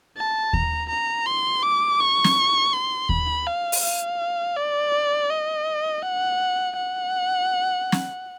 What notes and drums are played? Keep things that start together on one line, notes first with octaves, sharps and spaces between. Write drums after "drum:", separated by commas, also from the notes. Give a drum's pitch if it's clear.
A5
A#5, drum: kick D#2
A#5
C6
D6
C#6
drum: snare
C6
B5, drum: kick D#2
F5
drum: open hi-hat
F5
D5
D#5
F#5
F#5
drum: snare